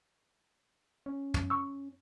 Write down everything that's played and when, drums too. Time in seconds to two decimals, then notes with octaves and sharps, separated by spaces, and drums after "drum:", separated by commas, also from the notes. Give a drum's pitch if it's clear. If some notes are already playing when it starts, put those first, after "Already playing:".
1.06 C#4
1.34 drum: tom
1.50 C#6 E6